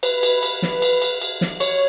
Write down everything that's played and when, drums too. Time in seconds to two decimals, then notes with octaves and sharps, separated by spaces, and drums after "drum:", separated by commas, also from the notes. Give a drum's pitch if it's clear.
0.03 B4, drum: cymbal
0.23 drum: cymbal
0.43 drum: cymbal
0.62 drum: snare
0.82 drum: cymbal
1.02 drum: cymbal
1.21 drum: cymbal
1.41 drum: snare
1.60 C#5, drum: cymbal